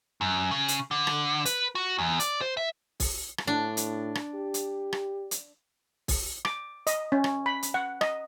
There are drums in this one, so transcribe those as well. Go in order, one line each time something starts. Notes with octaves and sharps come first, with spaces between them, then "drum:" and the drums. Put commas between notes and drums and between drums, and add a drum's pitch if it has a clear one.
F#2
C#3
drum: hi-hat
D3
drum: rim click
B4, drum: hi-hat
F#4
E2
D5, drum: hi-hat
C5
E5
drum: kick, open hi-hat
drum: rim click
A2 D4
drum: hi-hat
drum: rim click
G4
drum: hi-hat
drum: rim click
drum: hi-hat
drum: kick, open hi-hat
D6, drum: rim click
D#5, drum: hi-hat
C#4
drum: rim click
B5
drum: hi-hat
F#5
D#5, drum: rim click